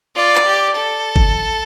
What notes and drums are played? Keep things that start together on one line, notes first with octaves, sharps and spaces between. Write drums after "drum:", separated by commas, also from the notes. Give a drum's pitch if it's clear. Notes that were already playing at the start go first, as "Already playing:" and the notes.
F4 D5
drum: clap
G4
A4
drum: kick G1